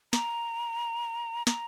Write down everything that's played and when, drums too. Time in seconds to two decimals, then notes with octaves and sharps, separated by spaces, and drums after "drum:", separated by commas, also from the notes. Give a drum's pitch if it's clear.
0.13 A#5, drum: snare
1.47 A#5, drum: snare